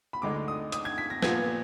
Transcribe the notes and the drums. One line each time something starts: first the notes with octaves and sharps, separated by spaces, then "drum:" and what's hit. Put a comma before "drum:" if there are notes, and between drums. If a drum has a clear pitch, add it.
B5
D2 D3 G#3 D#4 D6
D#6
D#6, drum: hi-hat
G#6
B6
A#6
A#2 F3 B3 G#6, drum: snare